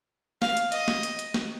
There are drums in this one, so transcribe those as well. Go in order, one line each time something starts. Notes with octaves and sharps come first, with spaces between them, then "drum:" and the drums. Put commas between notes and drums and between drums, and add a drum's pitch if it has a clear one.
F5, drum: snare
drum: hi-hat
D#5, drum: hi-hat
drum: snare
drum: hi-hat
drum: hi-hat
drum: snare